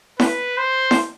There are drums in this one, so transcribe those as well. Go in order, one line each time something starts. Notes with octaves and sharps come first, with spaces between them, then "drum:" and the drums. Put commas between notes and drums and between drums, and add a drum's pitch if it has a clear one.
B4, drum: snare E4
C5
drum: snare E4